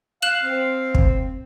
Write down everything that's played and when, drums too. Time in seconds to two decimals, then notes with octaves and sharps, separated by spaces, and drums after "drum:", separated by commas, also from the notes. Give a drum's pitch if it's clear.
0.22 F5 F#6 E7 F#7
0.43 C4
0.95 drum: kick